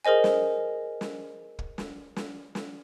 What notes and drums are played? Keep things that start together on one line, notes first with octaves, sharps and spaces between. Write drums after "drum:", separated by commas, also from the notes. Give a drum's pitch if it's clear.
G#4 A#4 C5 D#5 G#5
drum: snare
drum: snare
drum: kick
drum: snare
drum: snare
drum: snare